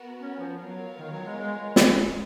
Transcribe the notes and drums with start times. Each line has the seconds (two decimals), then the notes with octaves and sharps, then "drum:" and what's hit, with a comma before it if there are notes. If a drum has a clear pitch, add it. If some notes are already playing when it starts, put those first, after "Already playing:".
Already playing: B3 F#4 A#4
0.21 C#4
0.39 F3
0.59 F#3 B3 F4 A#4 C#5 F5
0.98 D#3
1.11 F#3
1.25 G#3
1.37 G#3
1.56 G#3
1.76 G#3, drum: snare